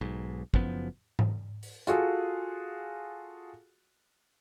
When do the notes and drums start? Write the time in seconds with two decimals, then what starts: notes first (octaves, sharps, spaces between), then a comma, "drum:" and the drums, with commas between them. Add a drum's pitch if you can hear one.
0.01 B1 G#2
0.54 F#1 F#2 F3 B3, drum: kick
1.19 drum: tom G#2
1.63 drum: open hi-hat
1.87 F4 F#4 G#4 A4, drum: hi-hat